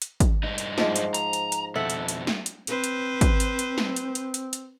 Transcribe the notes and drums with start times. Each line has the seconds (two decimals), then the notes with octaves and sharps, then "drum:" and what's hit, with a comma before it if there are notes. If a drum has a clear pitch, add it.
0.02 drum: hi-hat
0.20 drum: kick, hi-hat
0.44 G2 D#4
0.58 drum: hi-hat
0.78 G#2 F3, drum: snare
0.96 drum: hi-hat
1.14 A#5, drum: hi-hat
1.33 drum: hi-hat
1.52 drum: hi-hat
1.75 F2 B2 A4 E5 F#5
1.90 drum: hi-hat
2.08 drum: hi-hat
2.27 drum: snare
2.46 drum: hi-hat
2.67 C4 B4 C5, drum: hi-hat
2.84 drum: hi-hat
3.21 drum: kick, hi-hat
3.40 drum: hi-hat
3.59 drum: hi-hat
3.78 drum: snare
3.96 drum: hi-hat
4.15 drum: hi-hat
4.34 drum: hi-hat
4.53 drum: hi-hat